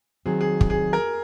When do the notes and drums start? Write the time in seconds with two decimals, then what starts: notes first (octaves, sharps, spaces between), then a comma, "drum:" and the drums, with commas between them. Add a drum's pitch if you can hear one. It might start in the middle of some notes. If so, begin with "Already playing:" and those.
0.26 D#3 F#3 C4 G#4
0.41 G#4
0.61 drum: kick
0.70 G#4
0.93 A#4